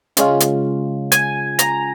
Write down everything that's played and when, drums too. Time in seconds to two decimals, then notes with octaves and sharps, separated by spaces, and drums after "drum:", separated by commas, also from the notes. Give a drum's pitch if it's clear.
0.17 C#3 G#3 C#4 F4, drum: hi-hat
0.40 drum: hi-hat
1.12 G#5, drum: hi-hat
1.59 A#5, drum: hi-hat